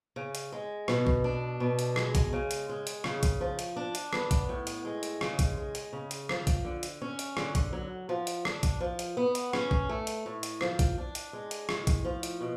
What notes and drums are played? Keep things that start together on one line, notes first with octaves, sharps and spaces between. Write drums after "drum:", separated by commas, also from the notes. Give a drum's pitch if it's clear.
C#3
drum: hi-hat
G#3
B2, drum: rim click
drum: kick A#1
D4
B2
drum: hi-hat
G#3, drum: rim click
drum: kick A#1, hi-hat
C#3
drum: hi-hat
G#3
drum: hi-hat
C#3, drum: rim click
drum: kick A#1, hi-hat
F3
drum: hi-hat
D4
drum: hi-hat
B3, drum: rim click
drum: kick A#1, hi-hat
A2
drum: hi-hat
G#3
drum: hi-hat
C#3, drum: rim click
drum: kick A#1, hi-hat
G#3
drum: hi-hat
C#3
drum: hi-hat
F3, drum: rim click
drum: kick A#1, hi-hat
D3
drum: hi-hat
C#4
drum: hi-hat
D3, drum: rim click
drum: kick A#1, hi-hat
F#3
F3
drum: hi-hat
D4, drum: rim click
drum: kick A#1, hi-hat
F3
drum: hi-hat
B3
drum: hi-hat
C#4, drum: rim click
drum: kick A#1
A3
drum: hi-hat
A2
drum: hi-hat
F3, drum: rim click
drum: kick A#1, hi-hat
D4
drum: hi-hat
G#3
drum: hi-hat
A2, drum: rim click
drum: kick A#1, hi-hat
F3
drum: hi-hat
B2